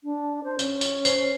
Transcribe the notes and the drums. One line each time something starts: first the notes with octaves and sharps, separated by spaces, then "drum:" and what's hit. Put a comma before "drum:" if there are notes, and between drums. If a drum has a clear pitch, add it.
D4
C5
C#4, drum: tambourine
drum: tambourine
C5, drum: tambourine